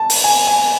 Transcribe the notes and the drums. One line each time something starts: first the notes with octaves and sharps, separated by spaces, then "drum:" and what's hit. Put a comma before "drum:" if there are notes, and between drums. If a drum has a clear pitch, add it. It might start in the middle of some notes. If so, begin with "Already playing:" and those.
Already playing: A5
drum: open hi-hat
G#5
G#5